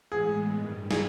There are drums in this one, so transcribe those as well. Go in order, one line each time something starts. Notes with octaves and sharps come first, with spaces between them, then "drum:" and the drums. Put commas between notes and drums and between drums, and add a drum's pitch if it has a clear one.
A2 E3 G#3 B3 G#4
G2 D#3 G3
G#4, drum: snare